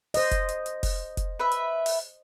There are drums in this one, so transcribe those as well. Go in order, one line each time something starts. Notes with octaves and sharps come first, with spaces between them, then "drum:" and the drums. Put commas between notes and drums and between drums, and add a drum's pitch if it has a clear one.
C5 D#5, drum: open hi-hat
drum: kick F1, hi-hat
drum: hi-hat
drum: hi-hat
drum: kick F1, open hi-hat
drum: kick F1, hi-hat
B4 E5
drum: hi-hat
drum: open hi-hat